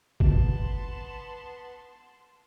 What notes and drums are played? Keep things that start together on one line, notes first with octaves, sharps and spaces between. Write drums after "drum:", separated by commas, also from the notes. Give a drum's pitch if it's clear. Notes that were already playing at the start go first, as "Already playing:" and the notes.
B3 A5 C6, drum: kick